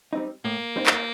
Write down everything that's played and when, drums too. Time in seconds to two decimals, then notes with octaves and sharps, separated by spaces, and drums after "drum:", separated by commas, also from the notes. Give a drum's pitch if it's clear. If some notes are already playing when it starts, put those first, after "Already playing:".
0.13 G3 C4 D#4
0.45 A2 A#3
0.76 G3 C4 D#4
0.86 drum: clap